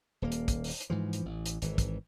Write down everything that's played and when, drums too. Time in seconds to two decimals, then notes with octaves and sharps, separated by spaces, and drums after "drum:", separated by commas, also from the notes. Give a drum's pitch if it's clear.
0.22 D#1 A#3
0.32 drum: hi-hat
0.48 drum: kick, hi-hat
0.64 drum: open hi-hat
0.81 drum: hi-hat
0.90 G#2 E3 F3
1.13 drum: hi-hat
1.26 A1
1.46 drum: hi-hat
1.62 G#1 E3, drum: hi-hat
1.78 drum: kick, hi-hat